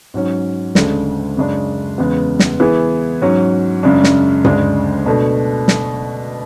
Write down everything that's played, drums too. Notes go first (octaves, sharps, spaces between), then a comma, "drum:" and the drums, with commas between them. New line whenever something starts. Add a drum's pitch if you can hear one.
G#2 F#3 C#4
D2 C#3 G#3 D4 A4, drum: snare
F#2 C#3 G#3 D4
E2 C#3 G#3 B3
drum: snare
E3 B3 E4 G#4
G#2 F#3 C#4
F#2 C#3 G#3 D4
drum: snare
D2 C#3 G#3 D4, drum: tom G2
B2 A3 D4
drum: snare